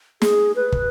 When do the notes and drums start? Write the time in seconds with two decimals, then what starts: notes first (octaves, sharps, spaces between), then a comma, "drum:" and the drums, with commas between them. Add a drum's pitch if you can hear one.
0.22 G#4, drum: snare
0.56 B4
0.72 drum: kick